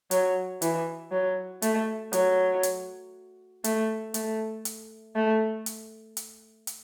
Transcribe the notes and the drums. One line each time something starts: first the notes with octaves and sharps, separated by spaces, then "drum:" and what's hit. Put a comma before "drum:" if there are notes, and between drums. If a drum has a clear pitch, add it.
F#3, drum: hi-hat
E3, drum: hi-hat
F#3
A3, drum: hi-hat
F#3, drum: hi-hat
drum: hi-hat
A3, drum: hi-hat
A3, drum: hi-hat
drum: hi-hat
A3
drum: hi-hat
drum: hi-hat
drum: hi-hat